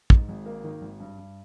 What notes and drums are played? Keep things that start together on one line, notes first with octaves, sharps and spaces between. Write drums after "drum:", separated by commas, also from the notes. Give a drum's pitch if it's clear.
G#2, drum: kick
G#1
A#3
D#3
G#1
G2
G2